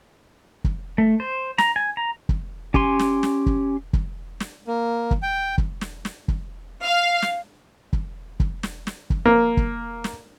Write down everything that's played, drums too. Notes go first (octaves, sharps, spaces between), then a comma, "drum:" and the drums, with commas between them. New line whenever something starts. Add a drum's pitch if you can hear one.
drum: kick
A3
C5
A#5, drum: snare
G#5
A#5
drum: kick
C#4 G4 G#5 C6, drum: kick
drum: snare
drum: snare
drum: kick
drum: kick
drum: snare
A#3
drum: kick
G5
drum: kick
drum: snare
drum: snare
drum: kick
F5
drum: snare
drum: kick
drum: kick
drum: snare
drum: snare
drum: kick
A#3
drum: kick
drum: snare